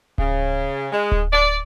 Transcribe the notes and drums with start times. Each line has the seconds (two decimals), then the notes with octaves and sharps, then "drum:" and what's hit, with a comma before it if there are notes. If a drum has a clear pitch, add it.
0.18 C#3, drum: kick D1
0.91 G#3
1.12 drum: kick D1
1.31 D5